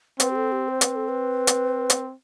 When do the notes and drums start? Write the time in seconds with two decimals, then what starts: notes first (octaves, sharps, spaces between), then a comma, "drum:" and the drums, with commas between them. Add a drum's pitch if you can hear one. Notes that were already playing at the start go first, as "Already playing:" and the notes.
0.20 C4 B4, drum: hi-hat
0.31 G4
0.35 A4
0.52 G4
0.68 C5
0.81 C4 B4, drum: hi-hat
0.96 A4
1.09 B4
1.47 drum: hi-hat
1.90 drum: hi-hat